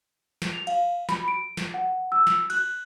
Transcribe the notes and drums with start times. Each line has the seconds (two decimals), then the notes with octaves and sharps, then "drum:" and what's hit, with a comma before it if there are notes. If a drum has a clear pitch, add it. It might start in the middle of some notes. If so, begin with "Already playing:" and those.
0.42 drum: snare
0.53 F7
0.67 F5, drum: cymbal
1.09 B5, drum: snare
1.28 D7
1.57 drum: snare
1.74 F#5
2.12 E6
2.27 drum: snare
2.50 F#6, drum: cymbal